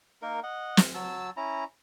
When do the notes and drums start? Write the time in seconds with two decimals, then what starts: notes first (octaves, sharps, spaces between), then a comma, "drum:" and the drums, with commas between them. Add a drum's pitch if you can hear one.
0.22 A#3 D#4 A#4
0.43 D#5 F#5
0.77 drum: snare
0.94 F#3 A5 E6
1.37 C#4 E4 A#5